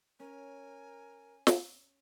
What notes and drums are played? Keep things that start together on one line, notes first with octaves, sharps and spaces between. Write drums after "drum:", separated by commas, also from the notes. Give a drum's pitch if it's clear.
C#4 A#4 G#5
drum: snare